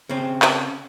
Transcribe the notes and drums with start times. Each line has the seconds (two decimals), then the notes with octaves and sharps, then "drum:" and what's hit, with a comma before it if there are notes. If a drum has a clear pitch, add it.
0.09 C#3 C4
0.42 drum: clap